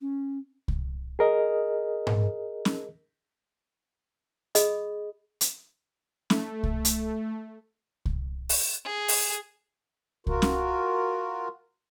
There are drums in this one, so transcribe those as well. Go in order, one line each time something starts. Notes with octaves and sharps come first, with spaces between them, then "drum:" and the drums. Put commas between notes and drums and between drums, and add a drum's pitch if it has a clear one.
C#4
drum: kick C2
G#4 A#4 D#5
drum: tom G#2
drum: snare C#4
G#4 D#5 B5 D#6, drum: hi-hat
drum: hi-hat
A3, drum: snare C#4
drum: kick C2
drum: hi-hat
drum: kick C2
drum: open hi-hat
G#4
drum: open hi-hat
F4 F#4 A#4, drum: kick C2
drum: snare C#4